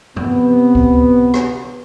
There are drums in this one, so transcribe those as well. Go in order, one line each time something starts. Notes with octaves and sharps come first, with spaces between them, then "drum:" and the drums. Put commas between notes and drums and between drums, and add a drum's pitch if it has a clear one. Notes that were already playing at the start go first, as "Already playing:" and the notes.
C3 B3, drum: tom F#2
drum: kick C#2
drum: rim click